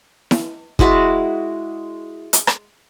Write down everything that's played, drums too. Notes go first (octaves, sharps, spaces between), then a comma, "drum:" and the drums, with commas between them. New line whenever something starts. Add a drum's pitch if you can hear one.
drum: snare E4
G#3 E4 F#4 A5, drum: kick
drum: hi-hat
drum: rim click